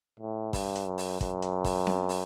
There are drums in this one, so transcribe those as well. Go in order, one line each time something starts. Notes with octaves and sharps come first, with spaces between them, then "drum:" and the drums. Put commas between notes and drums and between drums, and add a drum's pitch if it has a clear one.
A2
G2, drum: kick, open hi-hat
drum: hi-hat
F#2
drum: open hi-hat
F#2, drum: kick, hi-hat
drum: hi-hat
drum: kick, open hi-hat
drum: snare C4
drum: open hi-hat